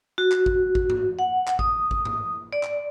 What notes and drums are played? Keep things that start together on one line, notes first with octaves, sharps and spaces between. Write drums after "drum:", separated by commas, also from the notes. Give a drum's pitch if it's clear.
F#4
drum: clap
drum: kick G#1
drum: kick G#1
drum: tom G#2
F#5
drum: clap
D#6, drum: kick G#1
drum: kick G#1
drum: tom G#2
D5
drum: clap